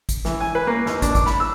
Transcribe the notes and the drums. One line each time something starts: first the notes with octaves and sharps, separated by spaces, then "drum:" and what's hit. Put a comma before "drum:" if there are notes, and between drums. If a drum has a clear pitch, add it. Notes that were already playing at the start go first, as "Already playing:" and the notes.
drum: kick, hi-hat
E3, drum: snare
G#5
B4
A#3
D#2, drum: snare
D4, drum: kick, hi-hat
D6, drum: kick, hi-hat
B5, drum: snare
E6